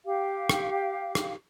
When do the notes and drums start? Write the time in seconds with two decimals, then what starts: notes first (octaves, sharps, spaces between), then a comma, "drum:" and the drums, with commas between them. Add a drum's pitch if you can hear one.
0.06 G4 F5
0.49 drum: rim click
1.15 drum: rim click